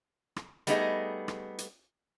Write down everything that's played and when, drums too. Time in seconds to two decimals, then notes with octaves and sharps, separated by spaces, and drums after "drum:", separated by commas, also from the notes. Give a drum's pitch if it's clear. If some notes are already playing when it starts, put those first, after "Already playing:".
0.36 drum: rim click
0.67 G3 A3 B3 D#4 G#4 D#5, drum: hi-hat
1.28 drum: rim click
1.58 drum: hi-hat